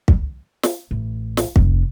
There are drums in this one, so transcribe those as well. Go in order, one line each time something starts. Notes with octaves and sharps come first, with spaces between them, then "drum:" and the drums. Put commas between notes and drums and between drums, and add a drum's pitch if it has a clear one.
drum: kick
drum: snare
A1
drum: snare
F1, drum: kick